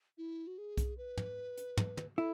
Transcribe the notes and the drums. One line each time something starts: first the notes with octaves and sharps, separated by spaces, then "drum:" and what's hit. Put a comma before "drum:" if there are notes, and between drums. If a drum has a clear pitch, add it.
E4
F#4
G#4
drum: kick B1, hi-hat
B4
drum: tom
drum: hi-hat
drum: tom
drum: tom
E4 A4